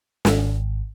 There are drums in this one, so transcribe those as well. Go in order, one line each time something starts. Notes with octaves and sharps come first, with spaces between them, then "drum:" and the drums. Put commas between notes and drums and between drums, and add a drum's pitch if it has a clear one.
G#1, drum: snare